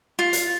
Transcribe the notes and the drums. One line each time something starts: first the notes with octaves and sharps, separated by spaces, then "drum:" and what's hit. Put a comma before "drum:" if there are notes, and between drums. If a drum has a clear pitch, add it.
F4
drum: hi-hat